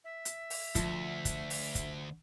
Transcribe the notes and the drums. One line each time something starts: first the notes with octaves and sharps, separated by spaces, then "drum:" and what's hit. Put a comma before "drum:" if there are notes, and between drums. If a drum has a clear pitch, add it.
E5
drum: hi-hat
drum: open hi-hat
D2 F3, drum: kick, hi-hat
drum: kick, hi-hat
drum: open hi-hat
drum: kick, hi-hat